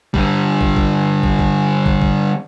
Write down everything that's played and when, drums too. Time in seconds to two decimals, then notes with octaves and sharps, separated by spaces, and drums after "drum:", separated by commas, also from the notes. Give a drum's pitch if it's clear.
0.14 D3 G3, drum: kick
0.61 drum: kick
0.76 drum: kick
1.23 drum: kick
1.39 drum: kick
1.86 drum: kick
2.02 drum: kick